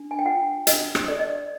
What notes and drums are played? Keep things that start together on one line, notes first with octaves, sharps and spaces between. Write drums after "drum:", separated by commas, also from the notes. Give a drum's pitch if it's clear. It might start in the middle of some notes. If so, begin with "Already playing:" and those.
Already playing: D4
G#5
G5
F4 F#5
D4 D#5, drum: hi-hat
drum: rim click
A4 D5
D#5
D5